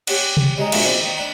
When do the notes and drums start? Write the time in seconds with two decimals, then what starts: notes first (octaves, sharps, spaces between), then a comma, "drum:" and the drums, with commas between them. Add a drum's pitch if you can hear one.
0.07 C#4 G4 D5 F#5, drum: cymbal
0.37 drum: tom C3
0.57 G3 G#3 D#4
0.72 A#1 B2 G#3 F4 E5 C#6, drum: cymbal
0.85 C4 D5 B5
1.00 D#3
1.17 D4 B5